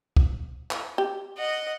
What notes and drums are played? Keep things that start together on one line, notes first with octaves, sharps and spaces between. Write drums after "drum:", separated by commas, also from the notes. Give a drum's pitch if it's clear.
drum: kick
drum: clap
G4
D#5 F#5